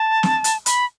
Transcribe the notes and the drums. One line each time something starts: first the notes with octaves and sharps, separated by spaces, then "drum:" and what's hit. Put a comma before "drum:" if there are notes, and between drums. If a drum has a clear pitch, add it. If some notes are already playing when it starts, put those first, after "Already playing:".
Already playing: A5
drum: snare
drum: hi-hat
B5, drum: hi-hat